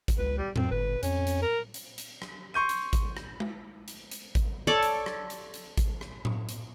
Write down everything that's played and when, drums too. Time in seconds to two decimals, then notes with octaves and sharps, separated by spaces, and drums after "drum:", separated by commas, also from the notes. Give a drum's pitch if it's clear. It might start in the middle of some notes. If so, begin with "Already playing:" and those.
0.08 drum: kick G#1, hi-hat
0.19 C#2 B4
0.38 G3
0.56 F2 C4, drum: tom A2
0.71 G1 B4
1.03 F2 C#4, drum: hi-hat
1.27 drum: hi-hat
1.42 A#4
1.74 drum: hi-hat
1.98 drum: hi-hat
2.22 drum: rim click
2.54 C6 C#6 G6 D#7
2.69 drum: hi-hat
2.93 drum: kick G#1, hi-hat
3.17 drum: rim click
3.40 drum: tom G#3
3.88 drum: hi-hat
4.11 drum: hi-hat
4.35 drum: kick G#1, hi-hat
4.67 A4 C#5 D5
4.83 drum: hi-hat
5.06 drum: rim click
5.30 drum: hi-hat
5.54 drum: hi-hat
5.77 drum: kick G#1, hi-hat
6.01 drum: rim click
6.25 drum: tom A2
6.49 drum: hi-hat